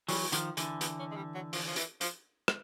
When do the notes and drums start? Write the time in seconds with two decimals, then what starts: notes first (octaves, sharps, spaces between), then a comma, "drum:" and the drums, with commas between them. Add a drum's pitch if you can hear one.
0.09 E3 F#3 G3, drum: open hi-hat
0.32 D#3 F3, drum: hi-hat
0.57 D3 E3, drum: hi-hat
0.81 B3, drum: hi-hat
0.99 C#4
1.11 G#3
1.16 G3
1.35 F#3
1.53 F3, drum: open hi-hat
1.68 F3
1.76 E3, drum: hi-hat
2.01 F3, drum: hi-hat
2.48 drum: rim click